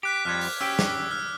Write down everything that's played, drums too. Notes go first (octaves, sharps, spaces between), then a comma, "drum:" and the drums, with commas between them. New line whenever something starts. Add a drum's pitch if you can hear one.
G4 D6 F#6 B6
F2 F3 G3 F6 F#6 G#6
drum: open hi-hat
C#4 G4 G5 E6
D6, drum: snare
F6